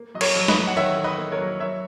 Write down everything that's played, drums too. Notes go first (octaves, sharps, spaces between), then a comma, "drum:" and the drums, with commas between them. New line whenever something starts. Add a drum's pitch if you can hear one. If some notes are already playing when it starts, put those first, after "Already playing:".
Already playing: A#3
F#3 D#5
A#4 C#5, drum: cymbal
F#3
B4 D#5, drum: snare
F#3
F#5
D#3 C#5 E5
D#3
B4 D#5
A#3
A#4 C#5
F#3
F#3 C#5 E5